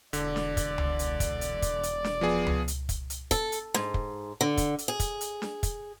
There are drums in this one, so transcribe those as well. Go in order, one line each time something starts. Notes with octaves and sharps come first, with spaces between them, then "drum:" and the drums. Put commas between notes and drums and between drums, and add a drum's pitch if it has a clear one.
E1 D3 D5, drum: hi-hat
drum: snare D4
drum: kick, hi-hat
drum: tom C#2
drum: hi-hat
drum: kick, hi-hat
drum: hi-hat
drum: kick, hi-hat
drum: hi-hat
drum: snare D4
F3 B3 G#4
drum: tom C#2
drum: hi-hat
drum: kick, hi-hat
drum: hi-hat
A4, drum: kick, hi-hat
drum: hi-hat
G#2, drum: snare D4
drum: kick
D3
drum: kick, hi-hat
drum: hi-hat
G#4
drum: kick, hi-hat
drum: hi-hat
drum: snare D4
drum: kick, hi-hat